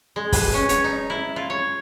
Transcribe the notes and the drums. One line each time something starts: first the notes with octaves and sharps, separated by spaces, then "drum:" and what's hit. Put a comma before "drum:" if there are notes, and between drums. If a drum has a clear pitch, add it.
G#3
B4, drum: kick, open hi-hat
C#4
C#5, drum: hi-hat
D#4
E4
F4
C#5